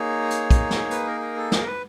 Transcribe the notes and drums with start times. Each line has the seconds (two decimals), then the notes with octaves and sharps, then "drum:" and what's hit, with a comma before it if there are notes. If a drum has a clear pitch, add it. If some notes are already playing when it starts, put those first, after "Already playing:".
Already playing: A#3 D#4 G#4 C#5
0.30 drum: hi-hat
0.51 drum: kick, hi-hat
0.71 drum: snare
0.91 B4, drum: hi-hat
1.07 A#4
1.21 A#4
1.37 A4
1.52 A#4, drum: snare
1.66 B4